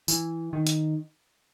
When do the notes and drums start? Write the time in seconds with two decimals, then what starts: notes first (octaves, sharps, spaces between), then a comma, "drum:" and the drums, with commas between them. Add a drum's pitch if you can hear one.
0.08 E3, drum: tambourine
0.53 D#3
0.67 drum: hi-hat